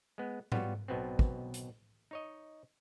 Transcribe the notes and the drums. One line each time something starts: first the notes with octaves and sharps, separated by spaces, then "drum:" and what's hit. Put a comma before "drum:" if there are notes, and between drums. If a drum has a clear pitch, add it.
G#3 B3
G3 B3 F4 F#4 C#5, drum: tom G#2
B1 B2 B3 C4
drum: kick
drum: hi-hat
D#4 C#5 D#5